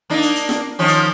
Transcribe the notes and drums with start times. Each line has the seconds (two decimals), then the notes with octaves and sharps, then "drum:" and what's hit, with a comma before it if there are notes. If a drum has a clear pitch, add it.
0.10 A#3 D4 D#4
0.23 drum: hi-hat
0.36 drum: hi-hat
0.49 drum: snare
0.79 D#3 F3 C#4
0.88 drum: hi-hat